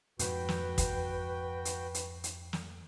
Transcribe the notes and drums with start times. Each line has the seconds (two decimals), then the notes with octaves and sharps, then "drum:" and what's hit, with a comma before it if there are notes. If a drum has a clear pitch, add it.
0.19 F2 G#2 F#4 B4 G5, drum: hi-hat
0.49 drum: snare
0.78 drum: kick, hi-hat
1.65 drum: hi-hat
1.94 drum: hi-hat
2.24 drum: hi-hat
2.53 drum: snare